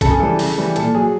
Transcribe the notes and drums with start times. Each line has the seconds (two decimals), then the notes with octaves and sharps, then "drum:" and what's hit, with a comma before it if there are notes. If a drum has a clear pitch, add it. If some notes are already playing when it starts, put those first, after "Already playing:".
0.01 C#3 A4, drum: kick, hi-hat
0.11 G#4
0.20 E3 G3 A4
0.39 C#3, drum: open hi-hat
0.58 E3 G3
0.76 A#2 A4, drum: hi-hat
0.94 F#3 G#4